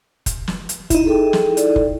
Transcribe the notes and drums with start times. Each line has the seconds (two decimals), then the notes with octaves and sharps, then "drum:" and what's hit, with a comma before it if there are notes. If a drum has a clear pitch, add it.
0.26 drum: kick F1, hi-hat
0.48 drum: snare
0.69 drum: hi-hat
0.90 D#4 E4, drum: kick F1, hi-hat
1.05 G#4 A4 G5
1.33 drum: snare
1.57 A4 D5, drum: hi-hat
1.76 drum: kick F1